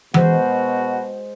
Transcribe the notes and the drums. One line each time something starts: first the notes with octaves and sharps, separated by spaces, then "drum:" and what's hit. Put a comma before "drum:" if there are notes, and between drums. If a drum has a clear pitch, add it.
B2 G#3 F#4 C5, drum: tom E3